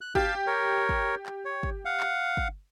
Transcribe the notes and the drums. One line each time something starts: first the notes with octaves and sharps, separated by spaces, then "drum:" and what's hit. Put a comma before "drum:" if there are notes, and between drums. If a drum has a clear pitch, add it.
F#6
G4 F5 A5, drum: kick
A#4 C#5
drum: kick
drum: clap
C#5
drum: kick
F5 F#5
drum: clap
drum: kick